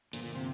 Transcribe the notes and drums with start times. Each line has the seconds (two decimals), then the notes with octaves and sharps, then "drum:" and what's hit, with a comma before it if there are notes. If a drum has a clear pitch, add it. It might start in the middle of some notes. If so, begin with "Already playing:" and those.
0.13 G2 A#2 D3 F3 A#3, drum: hi-hat
0.24 A#2
0.35 C3